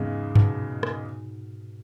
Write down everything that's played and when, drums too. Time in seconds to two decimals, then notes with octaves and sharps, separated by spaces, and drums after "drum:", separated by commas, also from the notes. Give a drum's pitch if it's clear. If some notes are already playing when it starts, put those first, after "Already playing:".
Already playing: E2 G#2 C#3 G#3
0.35 B2, drum: tom G2
0.83 drum: rim click